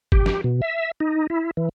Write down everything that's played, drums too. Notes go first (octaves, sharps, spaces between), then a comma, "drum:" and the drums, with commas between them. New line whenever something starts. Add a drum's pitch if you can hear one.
G4, drum: kick G1
drum: snare
B2
E5
D#4
E4
E3